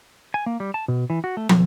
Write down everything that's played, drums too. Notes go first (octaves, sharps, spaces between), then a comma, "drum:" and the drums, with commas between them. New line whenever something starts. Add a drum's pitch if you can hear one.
G#5
A#3
G3
A5
B2
E3
F#4
A3
B1, drum: tom